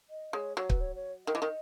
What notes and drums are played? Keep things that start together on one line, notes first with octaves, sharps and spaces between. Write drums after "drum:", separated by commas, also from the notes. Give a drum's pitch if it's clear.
D#5
G#3 C#5
F#3 C#5
B4, drum: kick
C#5
C#5
D#3 D#5
E3
D#3